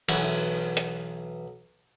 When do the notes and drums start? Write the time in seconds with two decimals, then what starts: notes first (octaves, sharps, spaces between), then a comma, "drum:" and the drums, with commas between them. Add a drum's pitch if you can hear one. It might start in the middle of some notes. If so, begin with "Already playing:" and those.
0.09 B1 E3 E4 F#4, drum: cymbal
0.77 drum: hi-hat